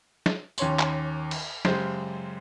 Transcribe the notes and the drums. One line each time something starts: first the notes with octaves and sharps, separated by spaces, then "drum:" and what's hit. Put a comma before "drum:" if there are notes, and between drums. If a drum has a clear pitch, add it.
drum: snare
D#2 C#4 C#5 C6, drum: tambourine
drum: clap
drum: cymbal
F#2 C#3 G#3 G4 C5, drum: snare